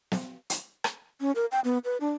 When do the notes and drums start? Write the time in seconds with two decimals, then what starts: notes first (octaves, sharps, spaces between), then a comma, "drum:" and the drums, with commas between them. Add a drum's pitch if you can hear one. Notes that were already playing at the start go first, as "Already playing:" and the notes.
0.12 drum: snare
0.50 drum: hi-hat
0.84 drum: rim click
1.21 C#4
1.35 A#4
1.52 G5
1.64 B3
1.85 B4
2.01 D4